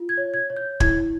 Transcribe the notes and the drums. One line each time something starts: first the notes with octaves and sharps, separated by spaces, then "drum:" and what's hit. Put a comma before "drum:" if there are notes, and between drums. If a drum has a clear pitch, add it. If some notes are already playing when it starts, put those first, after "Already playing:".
Already playing: F4
G#6
C#5
G#6
C#5
G6
E4 G#6, drum: kick